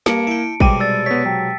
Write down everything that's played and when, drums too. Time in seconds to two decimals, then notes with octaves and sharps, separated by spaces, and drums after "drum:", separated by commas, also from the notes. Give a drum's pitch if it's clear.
0.06 G2 A#3 A5 C#7 D7, drum: snare
0.27 E4 E5 G5 D7
0.60 B1 C3 G3 G#3 G5 D6 D#7, drum: kick A1
0.80 D5 E6 A6
1.06 B3 C#5 B6
1.25 F#3 G5